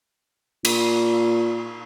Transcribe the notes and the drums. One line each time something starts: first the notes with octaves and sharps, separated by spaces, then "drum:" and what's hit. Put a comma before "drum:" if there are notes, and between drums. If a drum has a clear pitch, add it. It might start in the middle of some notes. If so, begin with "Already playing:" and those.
A#2, drum: cymbal